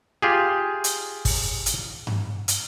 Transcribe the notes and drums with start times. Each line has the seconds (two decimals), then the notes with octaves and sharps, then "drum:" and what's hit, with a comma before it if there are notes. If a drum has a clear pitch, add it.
0.22 F4 G4 G#4
0.84 drum: hi-hat
1.25 drum: kick, open hi-hat
1.66 drum: hi-hat
2.07 drum: tom G2
2.48 drum: hi-hat